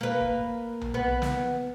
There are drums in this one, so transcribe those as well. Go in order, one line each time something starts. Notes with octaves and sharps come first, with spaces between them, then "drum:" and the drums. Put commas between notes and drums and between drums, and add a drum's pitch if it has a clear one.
A#3 B4
drum: kick
drum: tom B1
B3
drum: snare